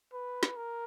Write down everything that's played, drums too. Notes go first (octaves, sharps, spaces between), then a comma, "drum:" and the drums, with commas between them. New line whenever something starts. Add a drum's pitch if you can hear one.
B4
drum: snare
A#4